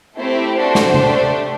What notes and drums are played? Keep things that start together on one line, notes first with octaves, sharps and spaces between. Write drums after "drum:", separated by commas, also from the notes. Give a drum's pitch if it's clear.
A3 C4 E4 G4 C5
A3 D4 F#4 A4 C5
drum: snare
A3 D4 G4, drum: tom C3